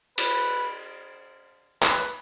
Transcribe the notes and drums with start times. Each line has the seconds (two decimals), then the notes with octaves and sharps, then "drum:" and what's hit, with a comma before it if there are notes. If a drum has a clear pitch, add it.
0.18 B4, drum: cymbal
1.83 B4, drum: clap